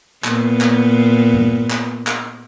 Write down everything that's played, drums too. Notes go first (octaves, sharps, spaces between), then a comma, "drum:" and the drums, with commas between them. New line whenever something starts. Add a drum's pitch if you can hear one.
A#2 B3, drum: clap
drum: clap
drum: tom G2
drum: clap
drum: clap